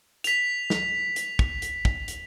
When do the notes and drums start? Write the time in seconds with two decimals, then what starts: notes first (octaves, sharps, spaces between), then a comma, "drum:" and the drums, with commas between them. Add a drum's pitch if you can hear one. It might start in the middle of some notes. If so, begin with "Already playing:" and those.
0.24 B6 F7, drum: hi-hat
0.70 drum: snare
1.16 drum: hi-hat
1.39 drum: kick
1.62 drum: hi-hat
1.85 drum: kick
2.08 drum: hi-hat